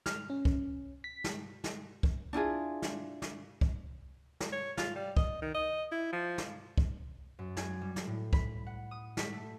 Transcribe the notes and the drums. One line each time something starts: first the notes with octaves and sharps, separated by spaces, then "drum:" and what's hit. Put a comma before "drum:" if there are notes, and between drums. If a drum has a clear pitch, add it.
F6, drum: snare
C#4
drum: kick
B6
drum: snare
drum: snare
drum: kick
D4 E4 F4 G#4
drum: snare
drum: snare
drum: kick
drum: snare
C#5
F4, drum: snare
G3
D#5, drum: kick
D#3
D#5
E4
F3
drum: snare
drum: kick
F#2
G#5, drum: snare
G3
drum: snare
A2
B5, drum: kick
F#5
D#6
B6, drum: snare
A3